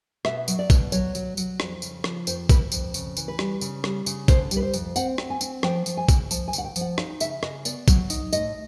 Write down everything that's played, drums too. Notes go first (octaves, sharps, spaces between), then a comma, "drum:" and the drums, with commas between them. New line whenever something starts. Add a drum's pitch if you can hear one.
B2 E5, drum: rim click
F#3, drum: tambourine
D5
B2, drum: kick A#1, tambourine
F#3 C#5, drum: tambourine
F#3, drum: tambourine
F#3, drum: tambourine
F2, drum: rim click
C#3, drum: tambourine
F3, drum: rim click
F2 C5, drum: tambourine
F2 B4, drum: kick A#1, tambourine
F2, drum: tambourine
C#3, drum: tambourine
E3, drum: tambourine
B4
G3, drum: rim click
C#3, drum: tambourine
G3, drum: rim click
C#3, drum: tambourine
D3 C5, drum: kick A#1, tambourine
G3, drum: tambourine
B4
C5
F2, drum: tambourine
C4 F#5, drum: tambourine
C4, drum: rim click
G#5
C4, drum: tambourine
F3 G5, drum: rim click
F3, drum: tambourine
G#5
C#3, drum: kick A#1, tambourine
F3 A5, drum: tambourine
G#5
D2 F#5, drum: tambourine
G5
F3, drum: tambourine
F#5
D#4 F5, drum: rim click
C#3 E5, drum: tambourine
C#3 D#5, drum: rim click
B3 D5, drum: tambourine
F#3, drum: kick A#1, tambourine
D#4, drum: tambourine
A2 D#5, drum: tambourine